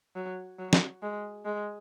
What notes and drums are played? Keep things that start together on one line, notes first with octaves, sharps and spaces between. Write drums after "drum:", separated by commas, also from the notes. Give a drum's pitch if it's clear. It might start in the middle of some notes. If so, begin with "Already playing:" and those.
F#3
F#3
drum: snare
G#3
G#3